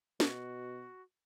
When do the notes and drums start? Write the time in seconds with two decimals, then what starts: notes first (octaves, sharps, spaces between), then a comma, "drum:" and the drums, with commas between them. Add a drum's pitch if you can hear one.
0.20 B2 F#4, drum: snare